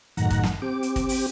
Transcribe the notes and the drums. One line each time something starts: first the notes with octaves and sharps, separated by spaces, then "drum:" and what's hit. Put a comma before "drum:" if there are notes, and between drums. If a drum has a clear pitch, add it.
F#2 A2 D#3 F#5 A#5, drum: hi-hat
drum: kick, hi-hat
drum: snare
C4 G4 D6
drum: hi-hat
drum: kick, hi-hat
drum: open hi-hat